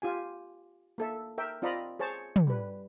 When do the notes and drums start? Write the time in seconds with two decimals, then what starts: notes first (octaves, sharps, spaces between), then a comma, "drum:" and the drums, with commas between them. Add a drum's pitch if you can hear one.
0.02 F4 G4 G#5
0.98 A#3 A4 E5
1.38 A#4 E5 G5
1.62 C4 F4 D5 D#5 A#5 B5
1.99 G#4 C5 C#5 A5
2.36 drum: tom
2.47 G3 B4